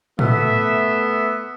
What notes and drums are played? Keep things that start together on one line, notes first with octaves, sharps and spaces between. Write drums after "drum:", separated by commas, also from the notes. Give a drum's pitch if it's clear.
A3 B3 E5, drum: tom A2